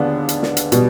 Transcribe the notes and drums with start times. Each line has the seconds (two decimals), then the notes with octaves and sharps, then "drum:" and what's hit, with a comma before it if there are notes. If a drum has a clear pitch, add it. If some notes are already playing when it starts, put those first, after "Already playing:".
Already playing: D#2 D3 G#3 B3 D4
0.29 drum: hi-hat
0.43 drum: snare
0.57 drum: hi-hat
0.72 B2 G3, drum: hi-hat